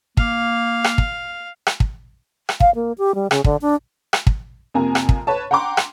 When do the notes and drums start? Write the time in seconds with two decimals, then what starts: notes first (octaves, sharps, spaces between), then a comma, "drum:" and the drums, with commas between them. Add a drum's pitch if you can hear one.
0.17 A#3 F5, drum: kick
0.84 drum: rim click
0.98 drum: kick
1.66 drum: rim click
1.80 drum: kick
2.49 drum: rim click
2.60 F5, drum: kick
2.75 A#3
2.98 G4
3.15 G3
3.31 C#3, drum: rim click
3.44 D3, drum: kick
3.61 D4
4.13 drum: rim click
4.27 drum: kick
4.74 F2 C3 A#3 G#5 A#5
4.95 drum: rim click
5.09 drum: kick
5.27 B4 C#5 A5
5.51 F#5 G5 A#5 C6 D6
5.77 drum: rim click